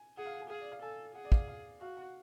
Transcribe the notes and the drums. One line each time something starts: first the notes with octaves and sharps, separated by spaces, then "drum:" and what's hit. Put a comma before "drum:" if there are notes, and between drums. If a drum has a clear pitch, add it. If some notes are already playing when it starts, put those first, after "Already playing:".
Already playing: G#5
G#4 F#5
F5
F#5
G#5
G#4 F5
D5
F5
A4 G#5
G#4 F#5
D5
F5, drum: kick
F5
F#4 F5
F#5